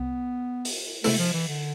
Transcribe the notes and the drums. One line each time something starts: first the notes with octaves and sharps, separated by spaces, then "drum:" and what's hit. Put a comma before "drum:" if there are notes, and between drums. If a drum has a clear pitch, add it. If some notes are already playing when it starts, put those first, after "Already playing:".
Already playing: C2 C3 B3
drum: open hi-hat
C3 G#3 A3 B3 E4 A4, drum: open hi-hat
F3
E3
D3